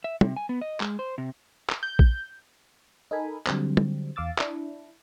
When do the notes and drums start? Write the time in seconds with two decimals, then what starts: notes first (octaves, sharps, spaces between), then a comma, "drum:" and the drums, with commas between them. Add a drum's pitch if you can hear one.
0.04 E5
0.21 C3, drum: tom
0.36 G#5
0.49 B3
0.61 D#5
0.80 G#3, drum: clap
0.99 C5
1.18 C3
1.69 drum: clap
1.83 G6
1.99 drum: kick A#1
3.11 D#4 A4 A#4 G#5 B5
3.47 D3 F#3 G3 C4, drum: clap
3.77 drum: tom
4.16 E2 F5 D6 E6 A6
4.38 D4 E4, drum: clap